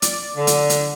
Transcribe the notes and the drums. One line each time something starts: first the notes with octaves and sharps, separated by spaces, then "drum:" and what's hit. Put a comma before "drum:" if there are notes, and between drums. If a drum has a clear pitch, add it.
D5, drum: hi-hat
D3
drum: hi-hat
drum: hi-hat